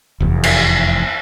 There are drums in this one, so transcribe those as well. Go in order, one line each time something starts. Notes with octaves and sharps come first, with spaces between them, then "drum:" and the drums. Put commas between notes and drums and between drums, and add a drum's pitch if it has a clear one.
F1 E2
drum: cymbal